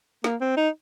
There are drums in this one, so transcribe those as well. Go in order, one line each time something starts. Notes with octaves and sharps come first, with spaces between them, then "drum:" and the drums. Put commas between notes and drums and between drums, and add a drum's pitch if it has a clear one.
A#3, drum: snare
C4
D#4